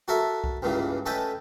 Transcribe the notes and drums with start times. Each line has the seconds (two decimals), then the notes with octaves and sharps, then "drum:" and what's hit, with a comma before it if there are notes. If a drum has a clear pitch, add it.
0.08 F#4 A4 A#4 E5
0.44 drum: kick C2
0.62 C#2 G2 A#2 C#3 E3
1.06 A3 C#4 A4 B4 D#5 G5